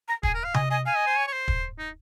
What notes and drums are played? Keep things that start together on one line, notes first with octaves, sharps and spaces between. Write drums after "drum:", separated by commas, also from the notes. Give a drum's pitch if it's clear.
A#5
G#4 G#5, drum: kick
A#4
F5
D#5 G#5, drum: tom C3
D#5 G#5
F5 G#5
D#5
C5
C#5
C#5
C5
drum: kick
D#4